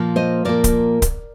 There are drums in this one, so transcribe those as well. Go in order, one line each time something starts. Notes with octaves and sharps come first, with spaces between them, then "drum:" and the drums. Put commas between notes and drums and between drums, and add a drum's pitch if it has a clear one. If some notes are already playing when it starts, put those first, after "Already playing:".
Already playing: A#2 F3 A#3
C5 D#5
A#2 F3 A#3 A#4 D5
drum: kick C#1, hi-hat
drum: kick C#1, hi-hat